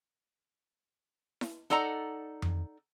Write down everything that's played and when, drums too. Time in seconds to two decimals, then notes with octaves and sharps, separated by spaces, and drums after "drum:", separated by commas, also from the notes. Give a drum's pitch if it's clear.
1.41 drum: snare E4
1.70 D#4 A4 D5 F#5 A#5
2.42 drum: tom F2